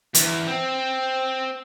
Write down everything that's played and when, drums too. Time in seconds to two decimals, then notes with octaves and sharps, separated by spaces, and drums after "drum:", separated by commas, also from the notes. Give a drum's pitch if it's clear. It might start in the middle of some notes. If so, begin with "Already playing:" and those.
0.15 E2, drum: hi-hat
0.48 C4